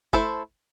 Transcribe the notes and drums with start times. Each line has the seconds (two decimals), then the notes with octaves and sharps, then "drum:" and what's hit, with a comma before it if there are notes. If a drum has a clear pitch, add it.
0.13 A3 E4 A4 C5, drum: kick